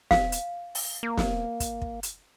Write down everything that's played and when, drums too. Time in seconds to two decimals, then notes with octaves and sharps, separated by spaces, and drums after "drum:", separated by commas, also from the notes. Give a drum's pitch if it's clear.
0.11 F5, drum: snare
0.32 drum: hi-hat
0.75 drum: open hi-hat
1.03 A#3
1.18 drum: snare
1.60 drum: kick, hi-hat
1.82 drum: kick
2.03 drum: hi-hat